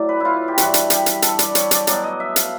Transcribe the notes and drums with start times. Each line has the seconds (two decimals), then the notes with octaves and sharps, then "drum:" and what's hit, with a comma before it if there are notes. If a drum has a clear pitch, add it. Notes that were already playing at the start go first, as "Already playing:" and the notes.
Already playing: A2 F#3 D5
0.09 B4
0.20 E4 F4
0.48 G4
0.58 G2 E3 F#4, drum: hi-hat
0.74 drum: hi-hat
0.90 G4, drum: hi-hat
1.06 drum: hi-hat
1.22 A4, drum: hi-hat
1.39 D5, drum: hi-hat
1.55 C#5, drum: hi-hat
1.71 D5, drum: hi-hat
1.87 B2 F#3 D5, drum: hi-hat
2.04 D#5
2.20 E5
2.36 F5, drum: hi-hat